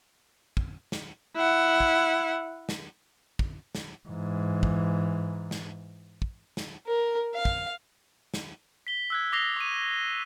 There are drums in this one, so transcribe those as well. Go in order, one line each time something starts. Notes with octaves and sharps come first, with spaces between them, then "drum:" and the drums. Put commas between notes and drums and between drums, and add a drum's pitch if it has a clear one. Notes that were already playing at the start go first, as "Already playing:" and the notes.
drum: kick
drum: snare
E4 F#5
drum: kick
drum: snare
drum: kick
drum: snare
G#2 E3
drum: kick
drum: snare
drum: kick
drum: snare
A#4
F5
drum: kick
drum: snare
B6 G7
E6 F#6 G#6
D6 D#6 A#6 C7 F7 G7
C#6 D#7